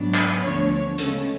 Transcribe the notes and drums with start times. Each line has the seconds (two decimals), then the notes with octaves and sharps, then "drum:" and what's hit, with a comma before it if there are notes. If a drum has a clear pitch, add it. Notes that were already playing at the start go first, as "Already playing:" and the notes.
Already playing: G#2 F#3 B3 D4
0.14 B4, drum: clap
0.42 D2 D3 F3 B3 D4 C#5
0.70 C#5
0.98 C#3 G#3 C#4 A4, drum: hi-hat